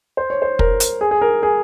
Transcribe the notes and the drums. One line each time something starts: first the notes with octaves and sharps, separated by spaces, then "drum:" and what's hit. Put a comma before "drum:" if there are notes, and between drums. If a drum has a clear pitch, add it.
C5
C#5
C5
A#4, drum: kick
drum: hi-hat
G#4
G#4
A#4
G#4